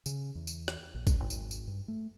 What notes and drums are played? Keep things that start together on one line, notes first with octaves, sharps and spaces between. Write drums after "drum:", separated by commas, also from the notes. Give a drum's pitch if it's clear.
C#3, drum: tambourine
E2
drum: tambourine
drum: rim click
A#1
F#1, drum: kick, tambourine
G#1
drum: tambourine
drum: tambourine
G2
A3